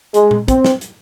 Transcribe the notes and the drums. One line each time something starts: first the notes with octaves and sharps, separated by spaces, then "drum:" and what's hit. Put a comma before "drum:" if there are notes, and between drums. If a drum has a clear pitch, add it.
G#3, drum: hi-hat
drum: tom A#2
C4, drum: kick, hi-hat
drum: snare
drum: hi-hat